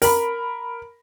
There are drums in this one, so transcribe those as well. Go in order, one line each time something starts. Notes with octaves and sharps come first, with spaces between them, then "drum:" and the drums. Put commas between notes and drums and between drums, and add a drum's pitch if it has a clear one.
A#4 B5, drum: open hi-hat